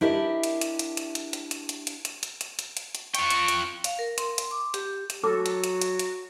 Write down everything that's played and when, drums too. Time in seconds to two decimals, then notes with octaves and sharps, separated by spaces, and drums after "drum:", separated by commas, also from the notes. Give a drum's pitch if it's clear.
0.01 D4 E4 G4 A#4 D#5
0.43 drum: hi-hat
0.61 drum: hi-hat
0.79 drum: hi-hat
0.97 drum: hi-hat
1.15 drum: hi-hat
1.33 drum: hi-hat
1.51 drum: hi-hat
1.69 drum: hi-hat
1.87 drum: hi-hat
2.05 drum: hi-hat
2.23 drum: hi-hat
2.41 drum: hi-hat
2.59 drum: hi-hat
2.77 drum: hi-hat
2.95 drum: hi-hat
3.15 F4 G5 C#6, drum: hi-hat
3.30 drum: hi-hat
3.48 drum: hi-hat
3.84 F5, drum: hi-hat
3.99 A#4
4.18 C6, drum: hi-hat
4.38 drum: hi-hat
4.51 D6
4.74 G4, drum: hi-hat
5.10 drum: hi-hat
5.24 F#3 F#4 A4 D6
5.46 drum: hi-hat
5.64 drum: hi-hat
5.82 drum: hi-hat
5.99 drum: hi-hat